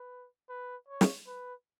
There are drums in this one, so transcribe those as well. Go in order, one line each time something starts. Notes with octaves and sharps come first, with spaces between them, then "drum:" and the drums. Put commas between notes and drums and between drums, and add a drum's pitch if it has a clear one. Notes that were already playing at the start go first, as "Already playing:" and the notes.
Already playing: B4
B4
C#5
drum: snare
B4